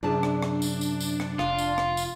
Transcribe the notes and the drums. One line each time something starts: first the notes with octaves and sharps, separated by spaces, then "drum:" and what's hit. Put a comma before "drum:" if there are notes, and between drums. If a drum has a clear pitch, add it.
F#2 C3 D4 G#4 A5
drum: rim click
drum: rim click
drum: tambourine
drum: tambourine
drum: tambourine
drum: rim click
F1 F4, drum: rim click
drum: tambourine
drum: rim click
drum: tambourine